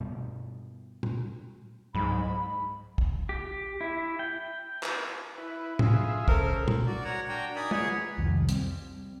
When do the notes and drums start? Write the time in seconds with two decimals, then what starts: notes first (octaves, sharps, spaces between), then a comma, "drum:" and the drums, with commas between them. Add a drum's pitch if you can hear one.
0.01 G2 B2
1.03 drum: tom
1.95 C#2 G#2 F#3 B5
2.98 drum: kick
3.29 G4
3.81 E4
4.19 G5
4.83 drum: clap
5.38 E4 B4
5.79 F4 G#4 E5, drum: tom A2
6.28 C#3 A4 A#4 C5, drum: kick
6.68 drum: tom
6.86 F#4 D5
7.04 A#4 C#5 F#5 A#5
7.28 D4 F#4 G5 A#5
7.56 D#4 A#4 D5 G#5 B5 D#6
7.71 G#4 B4 C#5 F#5 G#5, drum: tom
8.18 C2 F2 D#3 F3
8.49 G3 C4, drum: hi-hat